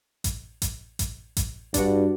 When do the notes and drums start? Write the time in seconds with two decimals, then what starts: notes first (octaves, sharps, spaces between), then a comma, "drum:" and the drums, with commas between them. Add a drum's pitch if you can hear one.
0.24 drum: kick A1, hi-hat
0.62 drum: kick A1, hi-hat
0.99 drum: kick A1, hi-hat
1.37 drum: kick A1, hi-hat
1.74 G2 D4 F#4, drum: kick A1, hi-hat